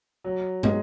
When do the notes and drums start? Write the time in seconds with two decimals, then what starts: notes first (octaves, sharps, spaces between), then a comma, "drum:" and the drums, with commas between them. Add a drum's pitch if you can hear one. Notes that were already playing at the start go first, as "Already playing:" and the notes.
0.24 F#3
0.63 G#3, drum: tom